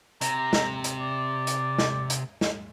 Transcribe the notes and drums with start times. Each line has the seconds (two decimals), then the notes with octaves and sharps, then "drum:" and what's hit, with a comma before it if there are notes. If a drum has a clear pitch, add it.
0.21 C3 A#5, drum: hi-hat
0.53 drum: snare
0.84 drum: hi-hat
1.00 D5
1.47 drum: hi-hat
1.78 drum: snare
2.10 drum: hi-hat
2.41 drum: snare